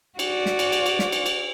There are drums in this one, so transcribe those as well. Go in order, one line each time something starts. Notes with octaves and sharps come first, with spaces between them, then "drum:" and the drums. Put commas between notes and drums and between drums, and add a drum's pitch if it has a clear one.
F#4 D5, drum: cymbal
drum: snare
drum: cymbal
drum: cymbal
drum: cymbal
drum: snare
drum: cymbal
drum: cymbal